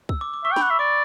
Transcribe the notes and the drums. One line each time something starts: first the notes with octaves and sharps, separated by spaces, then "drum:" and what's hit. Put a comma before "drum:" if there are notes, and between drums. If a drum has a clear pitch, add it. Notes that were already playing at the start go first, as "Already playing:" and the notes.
E6, drum: kick
D6
D6
E5 C#6
G5
B5, drum: snare
F#5
C#6
E5
D5 D6